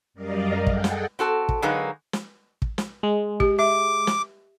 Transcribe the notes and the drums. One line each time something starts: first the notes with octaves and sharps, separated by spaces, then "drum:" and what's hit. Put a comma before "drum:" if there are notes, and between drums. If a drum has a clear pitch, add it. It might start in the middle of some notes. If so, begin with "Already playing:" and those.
F#2 G3 A#4 D5 D#5 F5
G#4 A4 F#5 G5, drum: kick
drum: snare
C4 F#4 A4 A5
drum: kick
D3 F#3 G#3 A#3 D#4 B4
drum: snare
drum: kick
drum: snare
G#3
G4, drum: kick
E5 D6
drum: snare